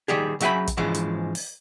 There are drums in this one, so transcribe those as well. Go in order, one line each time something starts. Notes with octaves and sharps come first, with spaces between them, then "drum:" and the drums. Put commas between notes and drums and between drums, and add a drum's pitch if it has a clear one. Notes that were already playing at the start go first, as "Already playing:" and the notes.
D#3 G3 G4 G#4
C#3 F#3 E5 G5 G#5 B5, drum: hi-hat
drum: kick, hi-hat
G#2 C#3 E3 F3 G#3
drum: hi-hat
drum: open hi-hat